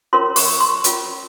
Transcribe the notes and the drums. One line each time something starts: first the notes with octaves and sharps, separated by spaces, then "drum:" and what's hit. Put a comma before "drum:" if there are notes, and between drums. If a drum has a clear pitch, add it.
C#4 F4 A#4 C#5 C6
C#6, drum: open hi-hat
C6
C#4 F4 A#4 C#5, drum: hi-hat